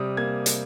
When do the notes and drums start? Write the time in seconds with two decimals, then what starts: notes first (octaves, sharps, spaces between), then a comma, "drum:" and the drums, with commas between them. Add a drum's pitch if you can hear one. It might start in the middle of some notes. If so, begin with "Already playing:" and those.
Already playing: C3 G3 D#6
0.17 A#3 G#6
0.46 drum: hi-hat